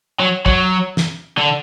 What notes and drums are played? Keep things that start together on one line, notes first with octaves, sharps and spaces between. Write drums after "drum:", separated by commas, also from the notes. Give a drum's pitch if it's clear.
F#3
F#3, drum: kick
drum: snare
D3